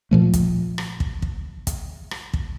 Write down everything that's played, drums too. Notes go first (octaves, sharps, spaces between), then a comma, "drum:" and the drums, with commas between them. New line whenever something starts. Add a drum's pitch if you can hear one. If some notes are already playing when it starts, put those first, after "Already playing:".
A#2 F3 A3
drum: kick, hi-hat
drum: rim click
drum: kick
drum: kick
drum: kick, hi-hat
drum: rim click
drum: kick